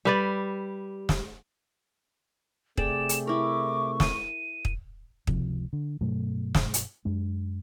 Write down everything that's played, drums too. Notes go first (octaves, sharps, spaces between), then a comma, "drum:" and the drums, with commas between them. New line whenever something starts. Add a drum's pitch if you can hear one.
G3 G4 B4 D5
drum: snare
C3 A3 G#4 D5 G5 E7, drum: kick
drum: hi-hat
E4 A#4 C#6 D6
D#7, drum: snare
drum: kick
C#2 C3 F3, drum: kick
D3
G2 B2 F#3 A3
drum: snare
drum: hi-hat
F#2 G#3 D4